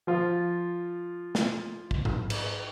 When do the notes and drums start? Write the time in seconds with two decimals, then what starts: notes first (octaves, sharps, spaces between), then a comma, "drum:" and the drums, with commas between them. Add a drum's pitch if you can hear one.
0.07 F3 F4
1.35 drum: snare
1.91 drum: kick
2.05 drum: tom G#2
2.30 drum: cymbal